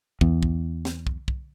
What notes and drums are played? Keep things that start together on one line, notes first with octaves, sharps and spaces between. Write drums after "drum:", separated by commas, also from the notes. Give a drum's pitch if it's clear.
E2, drum: kick
drum: kick
drum: snare
drum: kick
drum: kick